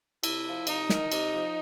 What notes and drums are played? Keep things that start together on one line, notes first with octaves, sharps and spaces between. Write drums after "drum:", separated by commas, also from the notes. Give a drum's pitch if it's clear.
C3 E4, drum: cymbal
F3
C3 D#4, drum: cymbal
D#3, drum: snare
C3, drum: cymbal
F3